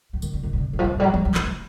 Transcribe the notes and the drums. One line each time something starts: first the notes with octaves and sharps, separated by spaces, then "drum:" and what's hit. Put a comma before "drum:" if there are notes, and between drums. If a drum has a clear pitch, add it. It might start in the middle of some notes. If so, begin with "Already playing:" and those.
E3
D#3, drum: tambourine
D3
D#3
C#3
D3
D#3
F3
E3
F3
G3
F#3
G3, drum: tom E3
F#3
F3, drum: clap
E3